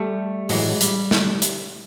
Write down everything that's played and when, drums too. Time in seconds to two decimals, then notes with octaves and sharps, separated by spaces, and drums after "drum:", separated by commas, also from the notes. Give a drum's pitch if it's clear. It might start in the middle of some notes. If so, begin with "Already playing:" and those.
Already playing: G3 A3
0.49 A2 E3 F#3 G#3, drum: open hi-hat
0.81 G3, drum: hi-hat
1.11 drum: snare
1.42 drum: hi-hat